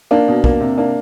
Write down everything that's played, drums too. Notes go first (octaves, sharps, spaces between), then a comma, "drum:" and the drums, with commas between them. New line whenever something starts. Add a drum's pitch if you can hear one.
A#3 D4
B2
A#3, drum: kick
C3
A#3 D4